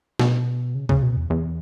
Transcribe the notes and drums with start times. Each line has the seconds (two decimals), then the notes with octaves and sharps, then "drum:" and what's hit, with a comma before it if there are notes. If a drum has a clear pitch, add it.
0.19 B2, drum: snare
0.75 C#3
0.89 C#3, drum: kick
1.02 B2
1.17 E2
1.30 E2